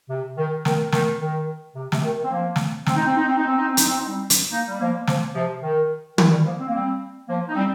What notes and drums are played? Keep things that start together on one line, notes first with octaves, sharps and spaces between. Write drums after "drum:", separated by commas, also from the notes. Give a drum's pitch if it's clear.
C3
D#3
D#3, drum: snare
D#3, drum: snare
D#3
C3
C3, drum: snare
D#3
C4
F3 A#3
drum: snare
C4, drum: snare
D#4
C4
D#4
C4
D#4
C4
D#4
C4
D#4, drum: hi-hat
C4
D#4
G3 C4
drum: hi-hat
A#3 D#4
G3
F3 A#3
F3 A#3, drum: snare
C3 F3
D#3
D#3, drum: tom
D#3 G3
F3 A#3
C4
A#3
G3 C4
F3 A#3
D#4
G3 C4